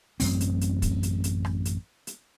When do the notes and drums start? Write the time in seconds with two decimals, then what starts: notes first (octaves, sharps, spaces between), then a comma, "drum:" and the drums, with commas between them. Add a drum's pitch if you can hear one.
0.20 A1 F#2 A2 C4, drum: open hi-hat
0.41 drum: hi-hat
0.61 drum: hi-hat
0.82 drum: kick, hi-hat
1.03 drum: hi-hat
1.24 drum: hi-hat
1.45 drum: rim click
1.65 drum: hi-hat
2.07 drum: hi-hat